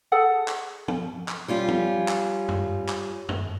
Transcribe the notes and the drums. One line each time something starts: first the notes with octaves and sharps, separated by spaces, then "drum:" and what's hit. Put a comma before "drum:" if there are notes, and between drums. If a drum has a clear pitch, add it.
G#4 A4 F#5
drum: clap
drum: tom
drum: clap
G3 C#4 F4
drum: tom
drum: clap
drum: tom F#2
drum: clap
drum: tom F#2